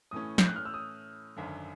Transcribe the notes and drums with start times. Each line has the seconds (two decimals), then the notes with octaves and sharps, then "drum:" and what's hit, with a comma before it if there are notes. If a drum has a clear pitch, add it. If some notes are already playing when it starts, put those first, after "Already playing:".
0.11 A2 E3 A3 C#4 D#6
0.38 G6, drum: snare
0.47 F#6
0.56 F6
0.65 E6
0.74 D#6
1.36 G#1 F#2 D3